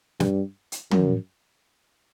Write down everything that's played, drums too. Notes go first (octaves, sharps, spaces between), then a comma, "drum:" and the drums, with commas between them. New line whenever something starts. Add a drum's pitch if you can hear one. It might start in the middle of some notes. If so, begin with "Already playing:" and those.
G2, drum: snare
drum: hi-hat
F#2, drum: tom